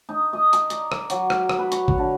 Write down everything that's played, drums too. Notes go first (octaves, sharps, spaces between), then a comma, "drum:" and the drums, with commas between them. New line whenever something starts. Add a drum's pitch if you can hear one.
D#4
D#5
A#5, drum: hi-hat
D5, drum: hi-hat
drum: rim click
F#3, drum: hi-hat
drum: rim click
drum: rim click
B4
C#5, drum: hi-hat
drum: kick G#1
D3